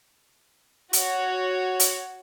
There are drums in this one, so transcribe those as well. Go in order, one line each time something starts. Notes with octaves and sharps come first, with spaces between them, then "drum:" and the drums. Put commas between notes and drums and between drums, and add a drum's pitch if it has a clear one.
F#4 C#5, drum: hi-hat
drum: hi-hat